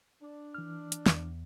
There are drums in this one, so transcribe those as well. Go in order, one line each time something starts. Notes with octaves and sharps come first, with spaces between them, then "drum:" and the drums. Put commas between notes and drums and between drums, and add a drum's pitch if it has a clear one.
D4
E3 F6
drum: hi-hat
E2, drum: snare